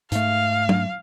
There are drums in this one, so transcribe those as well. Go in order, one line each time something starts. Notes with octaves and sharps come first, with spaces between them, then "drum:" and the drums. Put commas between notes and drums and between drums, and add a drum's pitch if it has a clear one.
G#2 A3 F5, drum: hi-hat
drum: tom